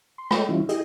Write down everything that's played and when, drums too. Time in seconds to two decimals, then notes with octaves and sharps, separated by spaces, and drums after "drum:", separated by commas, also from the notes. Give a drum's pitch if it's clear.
0.18 C6
0.31 G#3 A3 A4 C#5 D#5 G5, drum: rim click
0.49 E3 G3 C#4 E4 F4
0.69 E4 G4 G#4 D#5, drum: hi-hat